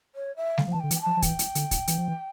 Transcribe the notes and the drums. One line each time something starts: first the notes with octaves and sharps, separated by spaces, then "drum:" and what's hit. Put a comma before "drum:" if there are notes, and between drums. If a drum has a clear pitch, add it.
C#5
E5
D3 F5, drum: snare G3
F3
E3 A5
D3 G5
E3, drum: hi-hat
G5
F3 A5
F3
E3 G5, drum: kick, hi-hat
drum: hi-hat
D3, drum: hi-hat
drum: kick, hi-hat
E3, drum: hi-hat
F3
E3